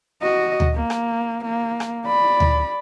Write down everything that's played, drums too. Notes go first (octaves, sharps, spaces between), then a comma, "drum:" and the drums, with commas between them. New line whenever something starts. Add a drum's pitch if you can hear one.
F#4 D#5
drum: tom D2
A#3
drum: rim click
A#3
drum: rim click
D5 B5
drum: tom D2